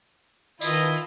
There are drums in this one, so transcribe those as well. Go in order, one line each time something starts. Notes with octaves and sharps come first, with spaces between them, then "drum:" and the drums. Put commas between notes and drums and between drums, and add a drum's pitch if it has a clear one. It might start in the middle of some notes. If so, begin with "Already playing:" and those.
D#3 E4 F4 B4 D#5 A5, drum: tambourine